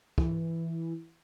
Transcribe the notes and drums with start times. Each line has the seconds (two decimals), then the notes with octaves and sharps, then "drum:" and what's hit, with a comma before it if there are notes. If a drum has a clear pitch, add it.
0.18 E3, drum: kick